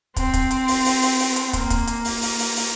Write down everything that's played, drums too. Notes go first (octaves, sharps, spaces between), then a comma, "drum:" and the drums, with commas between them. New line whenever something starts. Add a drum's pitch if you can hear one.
C4, drum: kick, hi-hat
drum: kick, hi-hat
drum: hi-hat
drum: open hi-hat
drum: open hi-hat
drum: open hi-hat
drum: open hi-hat
drum: hi-hat
A#3, drum: kick, hi-hat
drum: kick, hi-hat
drum: hi-hat
drum: open hi-hat
drum: open hi-hat
drum: open hi-hat
drum: open hi-hat